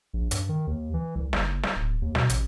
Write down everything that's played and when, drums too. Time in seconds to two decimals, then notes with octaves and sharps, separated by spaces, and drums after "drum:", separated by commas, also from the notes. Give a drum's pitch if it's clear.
0.14 A#1
0.31 G2, drum: hi-hat
0.49 D#3
0.67 D#2
0.94 E3
1.15 C2
1.33 F#1, drum: snare
1.63 drum: snare
1.76 D1
2.02 D#2
2.15 B2, drum: snare
2.29 A1, drum: hi-hat